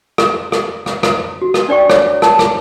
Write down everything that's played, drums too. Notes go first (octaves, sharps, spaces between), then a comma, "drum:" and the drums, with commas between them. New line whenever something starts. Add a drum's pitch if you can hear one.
drum: rim click
drum: rim click
drum: rim click
drum: rim click
F#4
drum: rim click
D4 D5 G5 C#6
C#5 D5, drum: rim click
A5, drum: rim click
drum: rim click